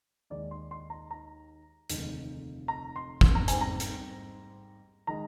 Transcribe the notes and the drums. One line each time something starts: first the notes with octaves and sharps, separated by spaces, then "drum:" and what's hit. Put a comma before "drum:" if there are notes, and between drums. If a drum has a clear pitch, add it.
D#2 D#3 G#3 D#4 D5
C6
C6
A#5
A#5
F1 D#2 D3 G#3 D#4, drum: hi-hat
A#5
C6
C6, drum: kick
A#5
G#2 G3 C4 G#5, drum: hi-hat
A#5
drum: hi-hat
D#3 G#3 A#5